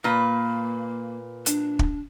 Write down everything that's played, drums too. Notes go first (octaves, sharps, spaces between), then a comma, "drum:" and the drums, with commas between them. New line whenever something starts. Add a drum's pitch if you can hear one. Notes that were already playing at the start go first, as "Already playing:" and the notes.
A#2 A#3 B4
D4, drum: hi-hat
drum: kick